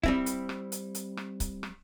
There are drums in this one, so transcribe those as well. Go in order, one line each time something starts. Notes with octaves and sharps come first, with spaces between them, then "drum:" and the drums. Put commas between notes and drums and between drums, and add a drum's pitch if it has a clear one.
G3 C4 E4, drum: kick C#1
drum: hi-hat
drum: rim click
drum: hi-hat
drum: hi-hat
drum: rim click
drum: kick C#1, hi-hat
drum: rim click